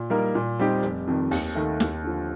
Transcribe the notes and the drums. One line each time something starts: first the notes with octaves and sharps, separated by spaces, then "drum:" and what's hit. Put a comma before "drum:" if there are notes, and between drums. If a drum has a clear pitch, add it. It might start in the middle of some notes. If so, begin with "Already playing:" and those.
Already playing: A#2
G3 A#3 D#4 A#4
A#2
G3 C4 D#4 G4
F1, drum: hi-hat
F2 D#3
D#2, drum: open hi-hat
D#3 A3
D#2, drum: snare
D3 F3